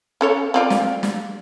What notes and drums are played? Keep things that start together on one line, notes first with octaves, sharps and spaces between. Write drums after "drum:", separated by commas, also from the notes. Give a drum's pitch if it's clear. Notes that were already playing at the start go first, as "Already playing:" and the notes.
C#4 A4 C#5
C4 F4 D5
drum: snare
drum: snare